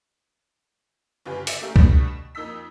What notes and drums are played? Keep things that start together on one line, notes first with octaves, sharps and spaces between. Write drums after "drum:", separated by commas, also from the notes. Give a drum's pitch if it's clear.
G1 C#3 F4 G4 B4 G#5
D5 E5, drum: hi-hat
A3 C#4 G4 A#4 E5 F5
B2 D3 G3 A3, drum: kick C2
E7
F2 A#3 D#4 D#6 E6 B6